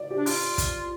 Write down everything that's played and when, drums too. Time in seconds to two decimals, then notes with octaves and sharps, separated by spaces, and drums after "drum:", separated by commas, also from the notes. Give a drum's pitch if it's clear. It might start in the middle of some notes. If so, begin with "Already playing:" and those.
Already playing: D5
0.10 G4
0.16 D4
0.26 F4, drum: open hi-hat
0.58 drum: kick, hi-hat